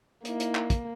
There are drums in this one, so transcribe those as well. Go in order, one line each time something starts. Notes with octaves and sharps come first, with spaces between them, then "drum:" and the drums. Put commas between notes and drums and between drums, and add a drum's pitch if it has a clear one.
A#3 D#4 E4, drum: hi-hat
drum: hi-hat
drum: clap
drum: kick, hi-hat